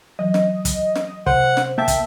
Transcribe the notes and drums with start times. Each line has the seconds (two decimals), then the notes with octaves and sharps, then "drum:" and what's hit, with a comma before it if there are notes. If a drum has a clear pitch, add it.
0.19 E3 F#3 D#5
0.34 drum: snare
0.65 drum: kick, hi-hat
0.96 drum: snare
1.26 C3 C5 F#5, drum: kick
1.57 drum: snare
1.78 A#3 E5 G5 A5 G6
1.88 drum: kick, hi-hat